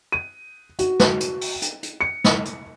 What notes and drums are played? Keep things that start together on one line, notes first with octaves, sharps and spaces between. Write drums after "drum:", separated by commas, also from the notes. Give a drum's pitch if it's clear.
D#7
F#4, drum: hi-hat
drum: snare
drum: hi-hat
drum: open hi-hat
drum: hi-hat
drum: hi-hat
C#7
drum: snare
drum: hi-hat